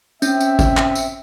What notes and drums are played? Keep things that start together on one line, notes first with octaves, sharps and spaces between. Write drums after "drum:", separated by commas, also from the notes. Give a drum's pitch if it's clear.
C4 C#4 E5, drum: tambourine
drum: tambourine
drum: kick G#1, tambourine
drum: clap
drum: tambourine